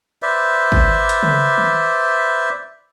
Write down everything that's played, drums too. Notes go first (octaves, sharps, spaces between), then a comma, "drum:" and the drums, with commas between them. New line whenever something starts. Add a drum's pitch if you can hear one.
B4 C5 D5 E5
drum: kick G#1
drum: hi-hat
drum: tom C#3
drum: tom D#3